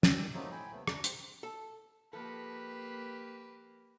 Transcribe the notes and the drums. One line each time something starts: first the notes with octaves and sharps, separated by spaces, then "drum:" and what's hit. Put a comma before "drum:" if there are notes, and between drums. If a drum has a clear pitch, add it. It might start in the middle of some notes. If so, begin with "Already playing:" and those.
F#2 D#3 D5 G5 E6, drum: snare
F#3 A3 A#3 C4 D#4 G4
A2 G5 G#5 B5
D#2 C3 A3 B3
D2 D4 A#5, drum: rim click
G4 C5, drum: hi-hat
A4
F3 A#3 G4 A4 B4